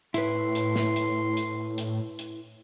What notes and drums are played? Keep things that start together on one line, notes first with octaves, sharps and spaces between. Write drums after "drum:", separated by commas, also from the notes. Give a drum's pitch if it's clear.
A2 E4 B4 C6, drum: hi-hat
drum: hi-hat
drum: snare
drum: hi-hat
drum: hi-hat
drum: hi-hat
drum: hi-hat